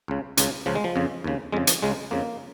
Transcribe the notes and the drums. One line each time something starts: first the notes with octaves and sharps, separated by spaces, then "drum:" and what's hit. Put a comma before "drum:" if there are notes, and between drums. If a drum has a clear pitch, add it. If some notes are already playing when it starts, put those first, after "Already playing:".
C#2 C#3
C#2 C#3, drum: hi-hat
C#2 C#3 F3
G#3
F3
F2 C#3
D#2 C#3
F2 C#3 G#3
F3, drum: hi-hat
C#2 C#3 G#3
F2 C#3 A#3